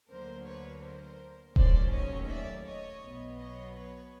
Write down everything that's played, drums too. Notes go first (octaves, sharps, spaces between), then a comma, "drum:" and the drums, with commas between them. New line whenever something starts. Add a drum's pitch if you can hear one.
D2 D3 F#3 A#3 A#4 C5
B4 C#5
A#4 C5
D#2 D#3 F#3 A3 C#4 C5 D5, drum: kick D#1
C#5 D#5
D5 E5
C#5 D#5
B1 B2 F#3 B3
C#5 D#5
B4 C#5